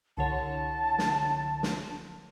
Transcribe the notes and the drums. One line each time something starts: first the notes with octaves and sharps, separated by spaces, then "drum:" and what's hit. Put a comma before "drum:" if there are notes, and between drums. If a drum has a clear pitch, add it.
C2 D3 C#5 A5
drum: snare
drum: snare